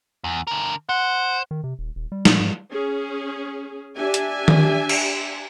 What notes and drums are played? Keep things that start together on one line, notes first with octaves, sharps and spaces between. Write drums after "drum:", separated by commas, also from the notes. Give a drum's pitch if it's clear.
E2
D3 A#4
C5 F#5
D#3
C3
D#1
D#1
G3
A#2, drum: snare
G#2
C#4 G#4
D4 G4 E5 G#5
drum: hi-hat
drum: tom D#3
drum: cymbal